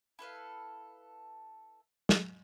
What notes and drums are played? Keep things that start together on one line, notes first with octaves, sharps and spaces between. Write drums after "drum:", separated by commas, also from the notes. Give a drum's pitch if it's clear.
E4 A4 B4 F5
drum: snare